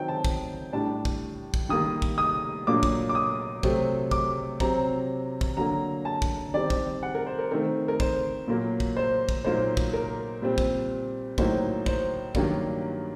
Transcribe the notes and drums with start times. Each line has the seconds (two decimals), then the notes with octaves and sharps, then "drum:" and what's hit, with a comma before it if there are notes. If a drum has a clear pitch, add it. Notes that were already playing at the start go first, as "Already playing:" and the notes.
Already playing: D#3 F#3 C4 D#4 G5
0.08 A5
0.25 drum: kick
0.73 A2 G3 D4 A5
1.05 drum: kick
1.54 drum: kick
1.69 D#3 G3 A#3 D#6
2.02 drum: kick
2.18 D#6
2.67 A#2 F#3 A#3 D4 D6
2.83 drum: kick
3.09 D6
3.15 D#6
3.63 C3 F#3 A3 C4, drum: kick
4.11 D6, drum: kick
4.60 C3 F#3 C4 A#5, drum: kick
5.41 drum: kick
5.57 D3 F#3 A#3 A#5
6.05 A5
6.22 drum: kick
6.54 D#3 G3 C4 D5
6.70 drum: kick
7.03 F#5
7.15 A#4
7.26 C5
7.38 A#4
7.51 D#3 A3 C4 D#4 A#4
7.88 A#4
8.00 C5, drum: kick
8.48 A#2 F#3 A#3
8.80 drum: kick
8.97 C5
9.29 drum: kick
9.44 A#2 F#3 A#3 D#4 C5
9.77 drum: kick
9.93 A#4
10.42 A#2 G3 C4
10.58 drum: kick
11.38 A2 F#3 A#3 D#4 C5, drum: kick
11.86 C5, drum: kick
12.35 G2 D#3 F#3 A#3 D4, drum: kick